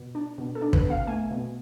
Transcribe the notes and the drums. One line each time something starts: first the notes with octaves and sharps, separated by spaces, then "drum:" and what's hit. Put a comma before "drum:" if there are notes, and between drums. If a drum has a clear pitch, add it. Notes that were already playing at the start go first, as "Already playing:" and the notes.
Already playing: B2
D4
B2
A4
D4
B4, drum: kick
B2
F5
A3 G#5
B2